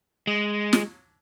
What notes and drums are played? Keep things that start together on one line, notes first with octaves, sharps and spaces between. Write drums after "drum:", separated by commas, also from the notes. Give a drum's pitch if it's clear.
G#3
drum: snare